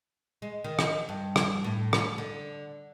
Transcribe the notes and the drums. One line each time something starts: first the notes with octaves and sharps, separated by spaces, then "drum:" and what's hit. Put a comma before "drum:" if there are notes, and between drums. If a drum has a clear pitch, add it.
G#3
D#3
drum: rim click
G2
drum: rim click
A2
drum: rim click
D3